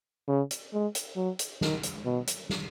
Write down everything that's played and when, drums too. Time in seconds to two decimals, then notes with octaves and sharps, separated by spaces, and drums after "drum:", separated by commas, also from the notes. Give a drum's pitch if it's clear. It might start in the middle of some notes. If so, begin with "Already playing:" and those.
0.28 C#3
0.51 drum: hi-hat
0.73 G#3
0.95 drum: hi-hat
1.16 F#3
1.39 drum: hi-hat
1.61 D#3, drum: snare
1.83 drum: hi-hat
2.05 B2
2.27 drum: hi-hat
2.50 drum: snare